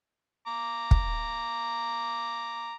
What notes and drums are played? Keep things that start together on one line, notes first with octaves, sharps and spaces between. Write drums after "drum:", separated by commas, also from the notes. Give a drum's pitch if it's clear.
A#5 D6
drum: kick